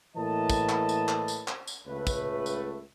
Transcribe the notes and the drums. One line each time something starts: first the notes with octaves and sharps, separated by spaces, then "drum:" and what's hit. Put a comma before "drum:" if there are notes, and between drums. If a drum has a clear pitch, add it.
A2 E3 A#3 B4 D#5 A5
drum: kick, tambourine
drum: clap
drum: tambourine
drum: clap
drum: tambourine
drum: clap
drum: tambourine
C#2 A3 B4
drum: kick, tambourine
drum: tambourine